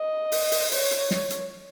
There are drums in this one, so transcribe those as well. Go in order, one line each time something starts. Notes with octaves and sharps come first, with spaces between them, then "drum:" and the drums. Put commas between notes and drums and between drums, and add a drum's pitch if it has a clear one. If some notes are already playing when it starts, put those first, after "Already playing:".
Already playing: D#5
drum: open hi-hat
drum: open hi-hat
C#5, drum: open hi-hat
drum: hi-hat
drum: snare
drum: hi-hat